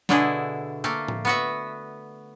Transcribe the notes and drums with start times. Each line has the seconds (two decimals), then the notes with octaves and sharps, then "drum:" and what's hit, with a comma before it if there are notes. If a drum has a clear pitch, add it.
0.09 B2 D3 D4 E4 G#4, drum: snare
0.84 A3 A#3
1.08 drum: tom A2
1.25 B3 F#4 E5